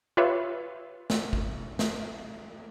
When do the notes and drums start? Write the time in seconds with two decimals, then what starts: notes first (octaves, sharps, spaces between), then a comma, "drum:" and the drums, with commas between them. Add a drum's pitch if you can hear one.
0.17 F4 G4 B4 C#5 E5
1.10 drum: snare
1.33 drum: kick
1.79 drum: snare